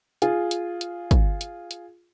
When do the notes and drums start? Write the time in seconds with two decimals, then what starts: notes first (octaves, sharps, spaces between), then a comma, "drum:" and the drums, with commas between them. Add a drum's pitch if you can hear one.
0.22 F4 G#4, drum: hi-hat
0.51 drum: hi-hat
0.81 drum: hi-hat
1.11 drum: kick, hi-hat
1.41 drum: hi-hat
1.71 drum: hi-hat